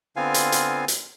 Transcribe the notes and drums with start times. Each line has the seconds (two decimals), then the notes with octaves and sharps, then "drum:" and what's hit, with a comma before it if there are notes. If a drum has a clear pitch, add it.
0.16 D3 B3 C4 F4 F5 G#5
0.34 drum: hi-hat
0.52 drum: hi-hat
0.88 drum: hi-hat